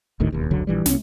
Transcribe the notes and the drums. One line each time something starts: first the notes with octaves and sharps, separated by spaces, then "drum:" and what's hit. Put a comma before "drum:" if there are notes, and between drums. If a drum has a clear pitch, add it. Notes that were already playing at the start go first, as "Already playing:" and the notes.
F#1 D2 A2 D#3
E1 D#2
F1 C#2 D3 F#3
A#1 E3 G3
C2 C#4, drum: snare